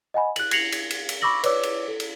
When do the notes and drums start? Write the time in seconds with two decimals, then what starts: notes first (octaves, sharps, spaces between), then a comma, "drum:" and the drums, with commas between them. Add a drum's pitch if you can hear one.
0.14 D#5 F#5 G#5 B5
0.36 F#6 F#7, drum: cymbal
0.51 G#6 A#6 C7 C#7 F7 F#7, drum: cymbal
0.72 drum: cymbal
0.91 drum: cymbal
1.09 drum: cymbal
1.21 B5 C#6 D6 E6 A#6 F#7
1.44 B4 C#5 D5 D6 E6, drum: cymbal
1.63 drum: cymbal
1.88 A4
2.00 drum: cymbal